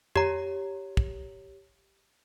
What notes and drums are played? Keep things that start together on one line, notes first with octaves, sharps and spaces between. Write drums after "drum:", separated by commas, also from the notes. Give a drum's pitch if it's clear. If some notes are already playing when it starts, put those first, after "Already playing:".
G4 C#5 A#5, drum: tom F2
drum: kick